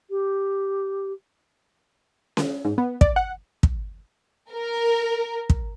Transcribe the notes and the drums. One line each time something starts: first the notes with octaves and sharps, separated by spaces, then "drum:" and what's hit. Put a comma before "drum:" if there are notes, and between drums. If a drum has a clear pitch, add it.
G4
drum: snare C#4
G#2
B3
D5, drum: kick
F#5
drum: kick
A#4
drum: kick